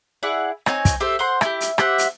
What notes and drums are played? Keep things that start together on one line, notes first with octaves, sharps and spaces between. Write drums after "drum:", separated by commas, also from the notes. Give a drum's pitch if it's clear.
E4 G#4 D5 F#5
C4 D#4 C#5 G#5, drum: rim click
drum: kick, hi-hat
G4 A4 C5 E5
C5 F#5 C6
E4 G4, drum: rim click
drum: hi-hat
G4 C5 E5 F#5, drum: rim click
drum: hi-hat